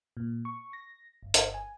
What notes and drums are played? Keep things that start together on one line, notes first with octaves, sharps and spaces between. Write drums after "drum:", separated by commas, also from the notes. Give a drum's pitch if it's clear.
A#2
C#6
A#6
G1
drum: hi-hat
G#5